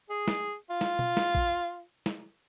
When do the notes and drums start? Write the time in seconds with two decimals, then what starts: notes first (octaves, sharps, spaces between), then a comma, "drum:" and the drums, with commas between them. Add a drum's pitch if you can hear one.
0.10 G#4
0.28 drum: snare
0.70 F4
0.81 drum: snare
0.99 drum: tom B2
1.17 drum: snare
1.35 drum: kick A#1
2.06 drum: snare